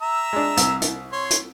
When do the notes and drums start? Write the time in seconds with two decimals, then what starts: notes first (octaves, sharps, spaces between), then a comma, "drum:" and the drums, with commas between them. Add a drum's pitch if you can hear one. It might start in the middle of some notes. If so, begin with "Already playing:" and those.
0.02 E5 A#5 E6
0.33 G#3 D4
0.57 C2, drum: hi-hat
0.82 drum: hi-hat
1.12 C#5 C6
1.30 drum: hi-hat